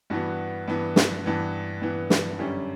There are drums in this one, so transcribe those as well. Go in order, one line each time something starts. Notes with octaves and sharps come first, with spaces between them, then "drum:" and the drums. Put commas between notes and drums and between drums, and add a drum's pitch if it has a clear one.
G2 E3 B3 F#4
G2 E3 B3
drum: snare
G2 E3 B3
G2 E3 B3
drum: snare
F#2 D3 G3 C#4 G4